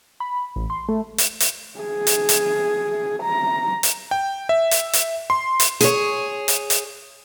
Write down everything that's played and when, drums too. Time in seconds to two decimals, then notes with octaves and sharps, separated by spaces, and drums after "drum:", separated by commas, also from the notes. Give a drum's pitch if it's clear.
0.20 B5
0.56 A1
0.70 C6
0.88 A3
1.18 drum: hi-hat
1.40 drum: hi-hat
1.79 G#4
2.07 drum: hi-hat
2.29 drum: hi-hat
3.23 A#5
3.83 drum: hi-hat
4.11 G5
4.49 E5
4.71 drum: hi-hat
4.93 drum: hi-hat
5.30 C6
5.60 drum: hi-hat
5.81 G#4 C#5, drum: hi-hat
6.48 drum: hi-hat
6.70 drum: hi-hat